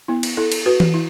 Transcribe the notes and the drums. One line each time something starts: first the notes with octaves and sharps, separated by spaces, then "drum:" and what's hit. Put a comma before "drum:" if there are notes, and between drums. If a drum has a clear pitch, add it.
B3 E4
drum: cymbal
E4 A4
drum: cymbal
F#4 B4
drum: tom E3
E4